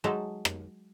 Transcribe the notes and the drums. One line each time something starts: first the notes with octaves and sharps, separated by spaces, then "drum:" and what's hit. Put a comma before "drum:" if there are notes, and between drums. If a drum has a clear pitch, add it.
F#3 G#3 D#4 E5 A5
drum: rim click